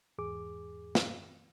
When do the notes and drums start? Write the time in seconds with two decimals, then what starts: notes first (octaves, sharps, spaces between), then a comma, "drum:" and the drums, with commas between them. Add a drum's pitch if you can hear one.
0.18 E2 G#2 G#4 D6
0.95 drum: snare